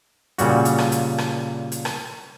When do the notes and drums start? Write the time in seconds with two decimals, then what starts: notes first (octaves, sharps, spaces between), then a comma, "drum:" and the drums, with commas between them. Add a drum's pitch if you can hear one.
0.38 A#2 C#3 G3 F#4, drum: hi-hat
0.65 drum: hi-hat
0.78 drum: rim click
0.92 drum: hi-hat
1.18 drum: rim click
1.72 drum: hi-hat
1.85 drum: rim click